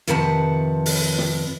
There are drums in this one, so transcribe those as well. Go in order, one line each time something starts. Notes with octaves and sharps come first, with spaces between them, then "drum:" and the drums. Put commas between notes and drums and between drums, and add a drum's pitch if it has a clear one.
F2 C3 D#3 B4 F#5 A5
drum: open hi-hat
drum: snare